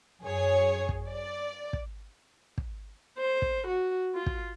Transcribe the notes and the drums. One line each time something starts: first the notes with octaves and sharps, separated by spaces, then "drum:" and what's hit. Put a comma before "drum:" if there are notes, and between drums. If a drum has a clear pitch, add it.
F#2 G#4 C#5
drum: kick
D5
drum: kick
drum: kick
C5
drum: kick
F#4
F4
drum: kick